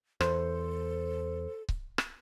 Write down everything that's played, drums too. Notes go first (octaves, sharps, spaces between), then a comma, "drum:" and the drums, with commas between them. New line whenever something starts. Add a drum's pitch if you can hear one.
E2 A4 C5, drum: rim click
drum: kick C#1
drum: rim click